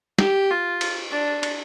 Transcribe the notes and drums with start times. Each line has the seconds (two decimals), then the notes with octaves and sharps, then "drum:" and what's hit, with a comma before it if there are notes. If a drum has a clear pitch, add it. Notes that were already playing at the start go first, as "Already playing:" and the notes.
0.19 G4, drum: snare
0.51 F4
0.81 drum: cymbal
1.11 D4
1.43 drum: cymbal